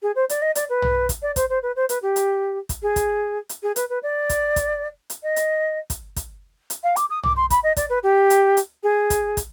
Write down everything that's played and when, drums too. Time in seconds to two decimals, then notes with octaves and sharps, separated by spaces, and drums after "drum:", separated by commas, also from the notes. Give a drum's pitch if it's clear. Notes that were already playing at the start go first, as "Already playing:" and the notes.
0.02 G#4
0.16 C5
0.29 D5, drum: hi-hat
0.42 D#5
0.55 D5, drum: hi-hat
0.70 B4
0.82 drum: tom
1.09 drum: kick, hi-hat
1.22 D5
1.36 C5, drum: kick, hi-hat
1.49 C5
1.62 B4
1.76 C5
1.89 B4, drum: hi-hat
2.02 G4
2.16 drum: hi-hat
2.69 drum: kick, hi-hat
2.82 G#4
2.96 drum: kick, hi-hat
3.49 drum: hi-hat
3.63 G#4
3.76 B4, drum: hi-hat
3.90 B4
4.03 D5
4.29 drum: kick, hi-hat
4.56 drum: kick, hi-hat
5.10 drum: hi-hat
5.23 D#5
5.36 drum: hi-hat
5.90 drum: kick, hi-hat
6.16 drum: kick, hi-hat
6.70 drum: hi-hat
6.84 F5
6.96 D6, drum: hi-hat
7.10 D#6
7.23 D6, drum: tom
7.36 C6
7.50 B5, drum: kick, hi-hat
7.63 D#5
7.77 D5, drum: kick, hi-hat
7.90 B4
8.03 G4
8.30 drum: hi-hat
8.57 drum: hi-hat
8.83 G#4
9.10 drum: kick, hi-hat
9.37 drum: kick, hi-hat